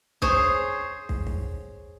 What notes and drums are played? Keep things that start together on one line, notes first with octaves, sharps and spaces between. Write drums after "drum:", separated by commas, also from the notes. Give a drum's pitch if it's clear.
G#4 C5 C#5, drum: kick
drum: kick
drum: kick